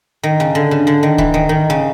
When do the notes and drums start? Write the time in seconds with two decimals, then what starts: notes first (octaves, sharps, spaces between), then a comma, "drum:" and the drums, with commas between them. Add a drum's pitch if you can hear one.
0.23 D#3
0.40 C#3
0.55 D3
0.71 C#3
0.87 D3
1.03 D#3
1.18 E3, drum: kick D1
1.34 D#3
1.49 D#3
1.70 C#3